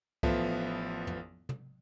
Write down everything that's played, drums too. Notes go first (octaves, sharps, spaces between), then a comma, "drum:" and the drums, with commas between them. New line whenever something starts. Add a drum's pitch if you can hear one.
A1 F3 B3 F4 A4 E5, drum: kick C2
drum: tom
drum: tom